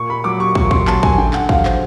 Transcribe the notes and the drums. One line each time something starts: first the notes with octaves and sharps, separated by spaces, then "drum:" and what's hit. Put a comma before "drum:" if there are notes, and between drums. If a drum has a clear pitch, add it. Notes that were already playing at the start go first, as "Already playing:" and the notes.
Already playing: A#2 C#6
B5
F#3 D6
C#6
A#2 C#6, drum: kick
C6, drum: kick
F#3 A5, drum: clap
G#5, drum: kick
D3 G5
F#5, drum: clap
F#3 F5, drum: kick
C5, drum: clap